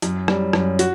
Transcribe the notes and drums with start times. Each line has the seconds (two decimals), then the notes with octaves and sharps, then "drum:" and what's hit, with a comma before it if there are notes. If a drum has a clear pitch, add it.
0.02 F#2, drum: hi-hat
0.28 G3, drum: rim click
0.53 F#2, drum: rim click
0.79 F#4, drum: hi-hat